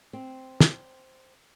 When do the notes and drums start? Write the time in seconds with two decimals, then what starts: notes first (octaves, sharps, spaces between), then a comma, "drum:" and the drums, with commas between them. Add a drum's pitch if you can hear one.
0.13 C4
0.60 drum: snare